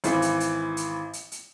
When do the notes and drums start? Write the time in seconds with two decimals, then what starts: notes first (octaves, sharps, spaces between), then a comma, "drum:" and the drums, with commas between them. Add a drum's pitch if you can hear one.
0.04 G#1 E3, drum: hi-hat
0.22 drum: hi-hat
0.40 drum: hi-hat
0.77 drum: hi-hat
1.13 drum: hi-hat
1.32 drum: hi-hat